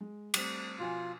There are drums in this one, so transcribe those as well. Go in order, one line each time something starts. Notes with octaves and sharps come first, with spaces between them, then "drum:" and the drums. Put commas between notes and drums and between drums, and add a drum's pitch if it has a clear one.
G#3
G3 A3 C4, drum: cymbal
B2 F3 F4 G#5